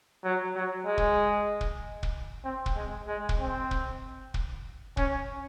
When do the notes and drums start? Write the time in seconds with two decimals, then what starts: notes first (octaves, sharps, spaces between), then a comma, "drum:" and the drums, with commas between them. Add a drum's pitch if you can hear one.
0.24 F#3
0.55 F#3
0.86 G#3
0.98 drum: kick
1.61 drum: kick
2.03 drum: kick
2.44 C4
2.66 drum: kick
2.76 G#3
3.07 G#3
3.29 drum: kick
3.40 C4
3.71 drum: kick
4.34 drum: kick
4.97 C#4, drum: kick